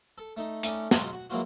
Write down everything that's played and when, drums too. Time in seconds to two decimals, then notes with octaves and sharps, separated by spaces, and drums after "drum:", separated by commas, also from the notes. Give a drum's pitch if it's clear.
0.18 A4
0.37 A3 D#4
0.63 A3 C#4 D#4 D5, drum: hi-hat
0.91 F#3 G#3 C#4 F4 G4 D#5, drum: snare
1.13 F#4
1.30 G#2 E3 F#3 A#3 F4 F#4